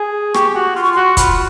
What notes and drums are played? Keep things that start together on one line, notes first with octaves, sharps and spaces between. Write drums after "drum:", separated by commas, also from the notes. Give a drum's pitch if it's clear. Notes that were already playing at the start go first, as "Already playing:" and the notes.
Already playing: G#4
G4 C#6, drum: rim click
F#4
F4 C6
C#6
C6
F#4
F4 B5, drum: kick, hi-hat